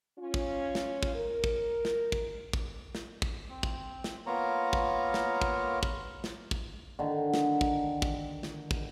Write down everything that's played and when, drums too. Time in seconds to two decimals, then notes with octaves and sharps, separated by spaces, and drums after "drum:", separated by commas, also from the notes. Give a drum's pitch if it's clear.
0.19 C#4 F4
0.34 drum: kick
0.75 drum: snare
1.03 drum: kick
1.15 A#4
1.44 drum: kick
1.85 drum: snare
2.12 drum: kick
2.53 drum: kick
2.95 drum: snare
3.22 drum: kick
3.49 C4
3.63 drum: kick
4.04 drum: snare
4.26 A#3 B3 F4 A#4 C#5 A#5
4.73 drum: kick
5.14 drum: snare
5.42 drum: kick
5.83 drum: kick
6.24 drum: snare
6.51 drum: kick
6.99 D3 D#3
7.34 drum: snare
7.61 drum: kick
8.02 drum: kick
8.43 drum: snare
8.71 drum: kick